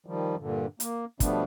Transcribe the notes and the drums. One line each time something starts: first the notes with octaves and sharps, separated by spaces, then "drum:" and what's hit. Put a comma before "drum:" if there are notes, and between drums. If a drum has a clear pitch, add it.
D#3 F3 G3
G2 A#2 D3
A#3, drum: hi-hat
B2 F3 G3 A3 B3 D4, drum: kick, hi-hat